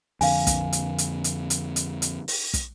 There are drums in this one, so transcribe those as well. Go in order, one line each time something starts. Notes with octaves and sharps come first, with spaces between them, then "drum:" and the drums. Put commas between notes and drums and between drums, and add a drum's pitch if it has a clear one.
F2 D3 F5 G#5, drum: open hi-hat
drum: kick, hi-hat
drum: hi-hat
drum: hi-hat
drum: hi-hat
drum: hi-hat
drum: hi-hat
drum: hi-hat
drum: open hi-hat
drum: kick, hi-hat